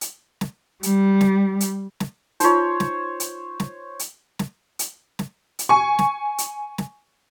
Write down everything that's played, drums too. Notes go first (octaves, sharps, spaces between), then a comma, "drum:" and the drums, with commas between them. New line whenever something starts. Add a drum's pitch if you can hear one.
drum: hi-hat
drum: snare
G3, drum: hi-hat
drum: snare
drum: hi-hat
drum: snare
D#4 F4 C5 C#5, drum: hi-hat
drum: snare
drum: hi-hat
drum: snare
drum: hi-hat
drum: snare
drum: hi-hat
drum: snare
drum: hi-hat
G#5 C#6
drum: snare
drum: hi-hat
drum: snare